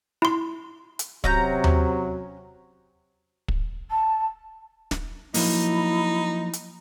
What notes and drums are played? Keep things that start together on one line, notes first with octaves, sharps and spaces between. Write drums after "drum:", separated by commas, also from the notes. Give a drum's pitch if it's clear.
E4 C6
drum: hi-hat
C3 F#3 C#4 A#5 G6, drum: kick
drum: tom D#2
drum: kick
A5
drum: snare
F3 F#3 A#3 D#4 E4, drum: open hi-hat
drum: hi-hat